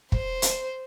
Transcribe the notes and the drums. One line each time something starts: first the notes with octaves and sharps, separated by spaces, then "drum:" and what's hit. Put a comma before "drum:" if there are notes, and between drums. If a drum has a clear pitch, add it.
C5, drum: kick
drum: hi-hat